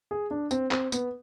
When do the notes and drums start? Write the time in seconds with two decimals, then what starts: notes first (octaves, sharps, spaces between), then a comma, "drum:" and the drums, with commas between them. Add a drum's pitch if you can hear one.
0.11 G#4
0.31 D4
0.51 C4, drum: tambourine
0.71 C4, drum: clap
0.92 B3, drum: tambourine